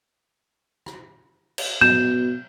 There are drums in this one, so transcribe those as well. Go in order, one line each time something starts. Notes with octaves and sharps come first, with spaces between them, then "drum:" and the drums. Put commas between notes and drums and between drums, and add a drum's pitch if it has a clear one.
drum: rim click
drum: cymbal
B2 G6 E7, drum: tom G#2